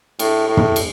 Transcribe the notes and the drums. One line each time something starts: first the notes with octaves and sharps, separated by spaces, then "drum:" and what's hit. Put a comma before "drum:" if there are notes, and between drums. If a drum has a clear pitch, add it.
A2, drum: cymbal
A2
drum: tom
drum: cymbal